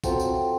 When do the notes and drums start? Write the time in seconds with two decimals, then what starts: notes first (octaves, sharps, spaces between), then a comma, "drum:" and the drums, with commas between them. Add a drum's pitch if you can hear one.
0.04 F#3 C4 F4 A4, drum: kick, tambourine
0.20 drum: tambourine